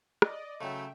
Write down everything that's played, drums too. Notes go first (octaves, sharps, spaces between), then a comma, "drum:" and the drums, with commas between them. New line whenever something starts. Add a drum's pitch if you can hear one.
D5 D#5, drum: rim click
C#3 F#3 A3 E5 G5